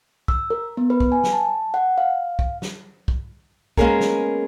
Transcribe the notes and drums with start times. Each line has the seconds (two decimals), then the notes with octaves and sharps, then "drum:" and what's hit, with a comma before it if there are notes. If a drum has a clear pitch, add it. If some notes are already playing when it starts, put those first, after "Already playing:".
0.28 E6, drum: kick
0.50 A#4
0.77 B3
0.90 B4
1.00 drum: kick
1.12 G#5
1.24 drum: snare
1.33 A5
1.74 F#5
1.98 F5
2.39 drum: kick
2.62 drum: snare
3.08 drum: kick
3.77 G#3 A#3 B3 C#4 G#4 A#4, drum: kick
4.00 drum: snare